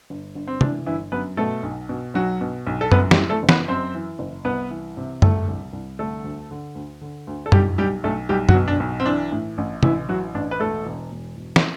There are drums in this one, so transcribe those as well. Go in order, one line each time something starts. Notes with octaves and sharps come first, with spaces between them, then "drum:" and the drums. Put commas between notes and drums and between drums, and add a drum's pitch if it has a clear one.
G1
G1
C4
E3 D4, drum: tom
G1 E3 E4
F#2 B3 B4
B2 A3 A4
B1
B2
B1 F#3 F#4
B2
B1
A4
F#2 B3 B4, drum: tom F#2
G3 G4, drum: snare
E3
A3 A4
F#1
B3 B4, drum: snare
F#2 C4 C5
E3
F#1
C2 B3 B4
E3
C3
C2 A3 A4, drum: tom F#2
C2
C2
D3 A3 A4
D2
D3
D2
D3
D2
A4
B1 G3 G4, drum: tom F#2
B1 G3 G4
B1 A3 A4
B1 G3 G4
F#3 F#4, drum: tom F#2
B2
D4
B1
C4
E3 D4
A2
A1
A1 E3 E4, drum: tom
E3 F#3 F#4
A1 D4
B4
E1 A3 A4
E1
E1
E1
drum: snare